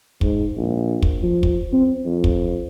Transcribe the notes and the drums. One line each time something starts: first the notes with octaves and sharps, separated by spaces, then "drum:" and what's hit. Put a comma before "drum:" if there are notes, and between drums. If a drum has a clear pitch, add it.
G#2, drum: kick
A#1
drum: kick
F3
drum: kick
C4
F2
drum: kick